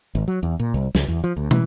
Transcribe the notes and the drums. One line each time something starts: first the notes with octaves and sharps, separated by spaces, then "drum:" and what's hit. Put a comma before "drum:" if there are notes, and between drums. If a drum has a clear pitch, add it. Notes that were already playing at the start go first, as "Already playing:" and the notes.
G#1
F#3
E2
A#2
C2
C#2, drum: snare
E2
F3
D2
E3, drum: tom